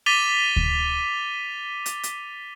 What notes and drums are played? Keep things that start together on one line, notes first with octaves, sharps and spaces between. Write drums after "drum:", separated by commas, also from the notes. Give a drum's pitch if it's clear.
D6 A6 B6 D#7 F7 G7
drum: kick D2
drum: hi-hat
drum: hi-hat